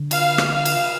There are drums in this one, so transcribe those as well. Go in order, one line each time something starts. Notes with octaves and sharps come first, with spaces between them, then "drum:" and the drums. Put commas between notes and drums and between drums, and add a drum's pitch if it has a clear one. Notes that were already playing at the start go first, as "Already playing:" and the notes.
Already playing: D3
F5, drum: cymbal
drum: rim click
F5
drum: cymbal